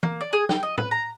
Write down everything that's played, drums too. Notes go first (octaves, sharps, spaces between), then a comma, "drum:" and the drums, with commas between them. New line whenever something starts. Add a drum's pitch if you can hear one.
A#3, drum: tom E3
D5
G#4
G5, drum: snare
D#5
B4, drum: tom
A#5